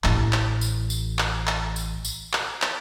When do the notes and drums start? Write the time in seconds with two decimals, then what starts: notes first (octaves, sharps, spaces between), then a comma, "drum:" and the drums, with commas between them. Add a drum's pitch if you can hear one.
0.04 A1 E4, drum: clap
0.33 drum: clap
0.61 drum: tambourine
0.90 drum: tambourine
1.19 drum: clap
1.47 drum: clap
1.76 drum: tambourine
2.05 drum: tambourine
2.33 drum: clap
2.62 drum: clap